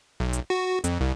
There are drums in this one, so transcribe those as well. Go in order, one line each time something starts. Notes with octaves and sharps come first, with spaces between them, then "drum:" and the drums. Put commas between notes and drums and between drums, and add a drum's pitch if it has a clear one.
B1
drum: hi-hat
F#4
F2, drum: hi-hat
C2